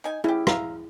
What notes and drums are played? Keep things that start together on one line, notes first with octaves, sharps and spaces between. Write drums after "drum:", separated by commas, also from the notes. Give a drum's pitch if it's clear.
D#4 G#5
C#4 E4 G4 G#4
E5 F5 A#5, drum: rim click